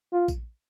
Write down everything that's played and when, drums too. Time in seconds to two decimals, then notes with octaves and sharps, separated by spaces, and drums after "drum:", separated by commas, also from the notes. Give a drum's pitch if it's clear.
0.13 F4
0.28 drum: kick A#1, tambourine